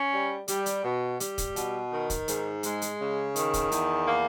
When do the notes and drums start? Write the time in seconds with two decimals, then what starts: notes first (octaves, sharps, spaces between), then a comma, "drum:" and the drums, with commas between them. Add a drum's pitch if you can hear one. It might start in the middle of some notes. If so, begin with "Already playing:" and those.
Already playing: C#4
0.12 G3
0.48 G3, drum: hi-hat
0.66 drum: hi-hat
0.84 B2
1.20 G3, drum: hi-hat
1.38 drum: kick, hi-hat
1.56 B2, drum: hi-hat
1.92 D#3
2.10 drum: kick, hi-hat
2.28 G#2, drum: hi-hat
2.63 G#3, drum: hi-hat
2.82 drum: hi-hat
3.00 C#3
3.36 D#3, drum: hi-hat
3.54 drum: kick, hi-hat
3.72 E2, drum: hi-hat
4.07 A#3